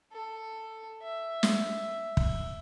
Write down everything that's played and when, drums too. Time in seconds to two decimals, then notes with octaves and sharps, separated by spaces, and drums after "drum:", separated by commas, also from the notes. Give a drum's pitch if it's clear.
0.13 A4
1.03 E5
1.43 drum: snare
2.17 drum: kick